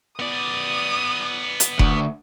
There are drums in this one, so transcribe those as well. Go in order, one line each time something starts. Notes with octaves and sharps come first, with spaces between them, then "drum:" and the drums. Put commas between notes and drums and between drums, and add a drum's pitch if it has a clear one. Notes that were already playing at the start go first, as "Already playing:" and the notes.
B3 D5 D#6
drum: hi-hat
D2, drum: kick F1